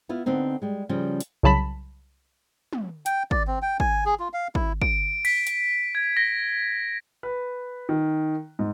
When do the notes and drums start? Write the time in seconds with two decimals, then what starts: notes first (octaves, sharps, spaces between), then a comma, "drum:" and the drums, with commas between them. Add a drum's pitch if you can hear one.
0.09 B3 E4 F4
0.26 D3 B3 C4 D#4
0.62 G3 G#3
0.89 C#3 F3 G3 C#4
1.20 drum: hi-hat
1.43 C2 C#3 F#3 A5 B5 B6
2.73 drum: tom
3.06 G5, drum: hi-hat
3.31 D5, drum: kick
3.47 C4
3.62 G5
3.80 G#5, drum: kick
4.06 G#4
4.20 F4
4.33 F5
4.55 E4, drum: kick
4.82 D7, drum: kick
5.25 B6, drum: cymbal
5.47 drum: hi-hat
5.95 G#6
6.17 A#6
7.23 B4
7.89 D#3
8.59 G#2